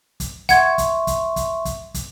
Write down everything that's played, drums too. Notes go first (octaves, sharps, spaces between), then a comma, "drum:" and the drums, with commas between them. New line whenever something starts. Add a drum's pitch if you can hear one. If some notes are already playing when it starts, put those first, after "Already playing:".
drum: kick, hi-hat
E5 F#5 C6 C#6 G#6, drum: kick, hi-hat
drum: kick, hi-hat
drum: kick, hi-hat
drum: kick, hi-hat
drum: kick, hi-hat
drum: kick, hi-hat